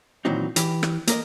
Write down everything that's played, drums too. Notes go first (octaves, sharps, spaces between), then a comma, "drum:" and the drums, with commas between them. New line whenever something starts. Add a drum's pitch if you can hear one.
A#2 D#3 E3 F#3 C4 D#4
E3 G4, drum: hi-hat
drum: rim click
A#3 A#4 D#5, drum: hi-hat